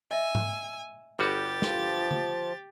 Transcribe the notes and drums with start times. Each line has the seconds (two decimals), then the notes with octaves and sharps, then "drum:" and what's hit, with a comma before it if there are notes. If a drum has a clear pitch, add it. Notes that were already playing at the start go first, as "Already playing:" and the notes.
0.11 D#5 E5 G#5 E6
0.35 drum: tom G#2
1.19 G1 G3 F#4 G4 A6
1.62 F3, drum: snare
2.11 drum: tom D3